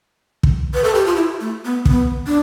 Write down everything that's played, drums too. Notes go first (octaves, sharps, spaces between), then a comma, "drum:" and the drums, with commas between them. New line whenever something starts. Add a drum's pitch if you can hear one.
drum: kick
B4
A4
G4
F4
E4
A3
B3
C4, drum: kick
B3
D4